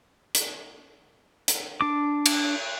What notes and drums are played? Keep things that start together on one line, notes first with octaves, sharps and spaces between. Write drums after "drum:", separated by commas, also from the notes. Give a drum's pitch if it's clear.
drum: hi-hat
drum: hi-hat
D4 D6
drum: cymbal